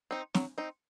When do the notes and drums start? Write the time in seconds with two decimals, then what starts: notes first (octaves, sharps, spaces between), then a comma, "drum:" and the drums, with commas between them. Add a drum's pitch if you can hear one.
0.11 C4 D#4
0.35 F#3, drum: snare
0.58 C4 D#4